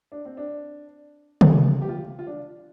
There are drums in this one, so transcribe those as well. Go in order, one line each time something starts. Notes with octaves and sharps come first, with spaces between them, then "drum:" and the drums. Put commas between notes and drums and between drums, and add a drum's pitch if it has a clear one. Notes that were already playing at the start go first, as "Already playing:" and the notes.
D4
C4
D4
drum: tom C3
G4
F4
F4
D4